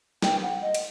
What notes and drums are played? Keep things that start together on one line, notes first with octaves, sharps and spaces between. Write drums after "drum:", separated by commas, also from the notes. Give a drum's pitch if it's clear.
G5, drum: snare
F#5
D#5
drum: cymbal